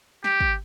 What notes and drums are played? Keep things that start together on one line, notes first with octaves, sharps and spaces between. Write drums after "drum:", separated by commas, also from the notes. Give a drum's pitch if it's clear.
G4, drum: snare
drum: kick